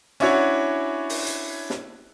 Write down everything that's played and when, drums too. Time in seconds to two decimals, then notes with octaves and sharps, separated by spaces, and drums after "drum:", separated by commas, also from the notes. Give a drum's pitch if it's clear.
0.20 C#4 D4 E4 F#4 C#5, drum: cymbal
1.09 drum: open hi-hat
1.27 drum: hi-hat
1.70 drum: snare